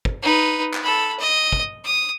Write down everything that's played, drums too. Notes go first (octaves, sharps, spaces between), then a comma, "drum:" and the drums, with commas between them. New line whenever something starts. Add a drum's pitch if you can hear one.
drum: kick
D#4 B4
drum: clap
A4 B5
D#5
drum: kick
D#6